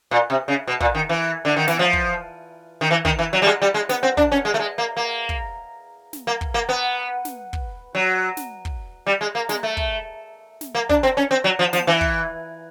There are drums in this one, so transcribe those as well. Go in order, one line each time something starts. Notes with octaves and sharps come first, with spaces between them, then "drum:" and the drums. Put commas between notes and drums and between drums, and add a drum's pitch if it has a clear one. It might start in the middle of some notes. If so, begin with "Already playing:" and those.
A#2
C3
C#3
B2
A#2, drum: kick
D#3
E3
D3
D#3
E3, drum: snare
F3
drum: kick
D#3
E3
D#3, drum: kick
E3
F#3
G3
G#3
G3
G#3
B3, drum: snare
C4
D4, drum: kick
C#4
G#3
A3
G#3
A#3
A#3
drum: kick
drum: snare
A#3
drum: kick
A#3
B3
drum: snare
drum: kick
F#3
drum: snare
drum: kick
G3
G#3
A#3
G#3, drum: snare
A3
drum: kick
drum: snare
A#3
D4, drum: kick
C4
C#4
C4
F#3
F3
F3, drum: snare
E3
drum: kick